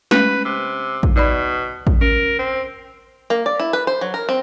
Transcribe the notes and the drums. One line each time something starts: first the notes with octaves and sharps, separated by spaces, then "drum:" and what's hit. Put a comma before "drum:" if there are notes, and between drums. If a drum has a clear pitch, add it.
G#3 A3 C#4 B4, drum: snare
C3
drum: kick
B2 D#4 D5 B5
drum: kick
C#4 A#4
C4
A#3
D5
E4
B4
C5
F#3
A#4
C4